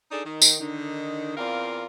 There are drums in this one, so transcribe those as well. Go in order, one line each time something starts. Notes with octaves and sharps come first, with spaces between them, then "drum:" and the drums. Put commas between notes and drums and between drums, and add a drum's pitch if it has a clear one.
D4 D#4 G#4 A4 D5
D#3
drum: tambourine
D3 D#3 D#4
E2 C4 F4 A#4 D5 F5